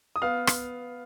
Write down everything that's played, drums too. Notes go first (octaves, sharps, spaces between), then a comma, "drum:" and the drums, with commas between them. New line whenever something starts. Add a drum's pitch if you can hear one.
D#6
B3 F5 F6
drum: rim click